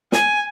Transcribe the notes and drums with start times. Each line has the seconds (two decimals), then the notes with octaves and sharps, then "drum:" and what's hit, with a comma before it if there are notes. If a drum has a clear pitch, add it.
0.12 G#5, drum: snare